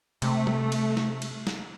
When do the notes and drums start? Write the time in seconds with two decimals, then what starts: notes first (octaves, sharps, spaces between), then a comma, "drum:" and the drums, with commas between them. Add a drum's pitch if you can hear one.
0.22 C3 A3, drum: cymbal
0.47 drum: tom G3
0.72 drum: cymbal
0.97 drum: snare
1.22 drum: cymbal
1.47 drum: snare